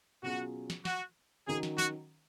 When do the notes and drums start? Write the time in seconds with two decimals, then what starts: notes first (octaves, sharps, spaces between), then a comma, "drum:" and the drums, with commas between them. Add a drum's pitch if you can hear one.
0.23 B2 F#3 C#4 F4 F#4 G#4
0.70 drum: snare
0.85 F#4, drum: snare
1.47 D#3 F#3 C#4 G#4
1.63 drum: snare
1.78 F#4, drum: snare